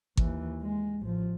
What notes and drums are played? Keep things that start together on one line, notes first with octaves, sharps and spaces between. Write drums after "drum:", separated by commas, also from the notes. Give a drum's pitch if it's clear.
D#2 E3, drum: kick G#1
G#3
A1 F3